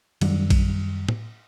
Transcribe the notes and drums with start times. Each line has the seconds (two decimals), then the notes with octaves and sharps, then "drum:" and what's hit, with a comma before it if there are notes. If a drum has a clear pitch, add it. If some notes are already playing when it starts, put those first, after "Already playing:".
0.21 F#2 D#3 F#3 G3, drum: cymbal
0.50 drum: kick A#1, cymbal
1.09 drum: tom